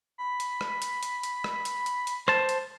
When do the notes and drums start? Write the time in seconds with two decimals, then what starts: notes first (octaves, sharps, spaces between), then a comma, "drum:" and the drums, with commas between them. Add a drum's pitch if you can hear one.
0.18 B5
0.40 drum: hi-hat
0.61 drum: rim click
0.82 drum: hi-hat
1.03 drum: hi-hat
1.23 drum: hi-hat
1.44 drum: rim click
1.65 drum: hi-hat
1.86 drum: hi-hat
2.07 drum: hi-hat
2.28 C5 A5, drum: rim click
2.49 drum: hi-hat